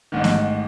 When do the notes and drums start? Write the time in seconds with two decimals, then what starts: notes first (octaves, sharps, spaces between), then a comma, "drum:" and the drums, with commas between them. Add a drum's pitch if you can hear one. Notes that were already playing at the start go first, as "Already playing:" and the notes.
0.12 A1 G#2 D#3
0.24 drum: snare B3